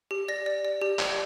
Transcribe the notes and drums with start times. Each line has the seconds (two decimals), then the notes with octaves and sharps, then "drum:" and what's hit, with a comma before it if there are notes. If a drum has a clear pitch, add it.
0.11 G4
0.28 D5 A#6
0.46 D5
0.65 D5
0.81 G4
0.99 D5, drum: clap